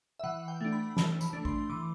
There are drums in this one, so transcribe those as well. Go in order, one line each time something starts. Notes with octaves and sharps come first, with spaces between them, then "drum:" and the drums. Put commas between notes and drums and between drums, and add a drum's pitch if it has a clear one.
E5
E3 F#5
G5
A3 D4
B5
E3 A5, drum: snare
B5, drum: tambourine
A3 D4
C6, drum: kick A1
E3 D6